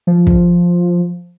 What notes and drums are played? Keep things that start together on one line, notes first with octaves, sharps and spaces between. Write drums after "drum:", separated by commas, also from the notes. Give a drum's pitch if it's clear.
F3
drum: kick